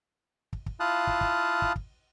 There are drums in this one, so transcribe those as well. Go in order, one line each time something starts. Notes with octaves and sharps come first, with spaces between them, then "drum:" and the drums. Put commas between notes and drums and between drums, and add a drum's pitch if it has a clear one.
drum: kick
drum: kick
E4 F4 F5 A5 D#6 F#6
drum: kick
drum: kick
drum: kick
drum: kick